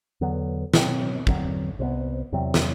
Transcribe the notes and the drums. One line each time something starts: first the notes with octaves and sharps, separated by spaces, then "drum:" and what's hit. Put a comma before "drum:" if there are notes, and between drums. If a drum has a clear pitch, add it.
E2 D3 F#3 B3
B2 F#3 C4, drum: snare
E2 D3 F#3 C4, drum: kick
C2 C3 E3 B3
E2 C3 F#3 C4
drum: snare